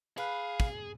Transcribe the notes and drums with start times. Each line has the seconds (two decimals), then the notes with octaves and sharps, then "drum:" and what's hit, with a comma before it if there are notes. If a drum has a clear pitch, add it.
0.18 G#4 B4 F5
0.60 drum: kick